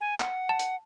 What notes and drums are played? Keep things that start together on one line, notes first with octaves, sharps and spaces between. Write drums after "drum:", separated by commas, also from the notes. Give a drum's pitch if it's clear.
G#5
F#5, drum: clap
A5
drum: hi-hat